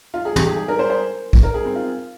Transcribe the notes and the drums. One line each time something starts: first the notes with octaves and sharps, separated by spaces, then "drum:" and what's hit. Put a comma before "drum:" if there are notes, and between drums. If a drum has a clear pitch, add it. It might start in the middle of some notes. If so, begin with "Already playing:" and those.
F4
G#4
G4, drum: tom
G#4
G#4
A#4
C5
C5
drum: kick
A#4
G#4
C4
F4